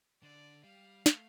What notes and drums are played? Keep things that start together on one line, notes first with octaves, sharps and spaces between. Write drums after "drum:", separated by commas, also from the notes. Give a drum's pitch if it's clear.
D3 D5
G3 F5
A3, drum: snare